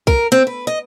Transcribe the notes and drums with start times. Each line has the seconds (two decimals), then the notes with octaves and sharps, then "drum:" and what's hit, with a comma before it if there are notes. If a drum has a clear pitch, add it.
0.07 A#4, drum: kick
0.32 C4
0.47 B4
0.67 D#5